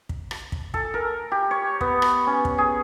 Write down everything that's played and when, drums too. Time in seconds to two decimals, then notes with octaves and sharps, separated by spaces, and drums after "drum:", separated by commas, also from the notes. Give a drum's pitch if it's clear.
0.09 drum: kick
0.31 drum: rim click
0.52 drum: kick
0.74 A4, drum: kick
0.94 A#4
1.31 G4
1.51 C#5
1.81 B3, drum: kick
2.02 drum: rim click
2.27 C#4
2.45 drum: kick
2.58 G#4